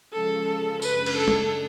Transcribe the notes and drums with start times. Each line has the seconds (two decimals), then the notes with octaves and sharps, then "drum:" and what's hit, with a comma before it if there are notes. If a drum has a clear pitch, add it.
0.13 C#3 F3 G#3 C#4 F4 A4
0.82 F#2 C#3 G#3 D4 B4, drum: tambourine
1.06 drum: cymbal
1.17 A4
1.28 drum: tom